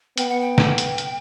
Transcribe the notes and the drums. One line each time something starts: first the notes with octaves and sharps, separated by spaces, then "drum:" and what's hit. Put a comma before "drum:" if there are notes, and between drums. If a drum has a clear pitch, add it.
B3 G5, drum: hi-hat
F#5
G5
drum: snare
drum: hi-hat
drum: hi-hat